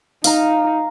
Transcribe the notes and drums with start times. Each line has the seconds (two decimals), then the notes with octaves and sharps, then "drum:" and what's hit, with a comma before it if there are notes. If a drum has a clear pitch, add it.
0.24 D#4 F5 A#5, drum: open hi-hat